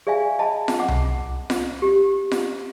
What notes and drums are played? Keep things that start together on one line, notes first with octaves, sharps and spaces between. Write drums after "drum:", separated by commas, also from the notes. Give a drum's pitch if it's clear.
G#4 D5 E5 F5 G#5
D#5 A5 B5
drum: snare F4
F#5 D6
drum: tom C2
drum: snare F4
G4
drum: snare F4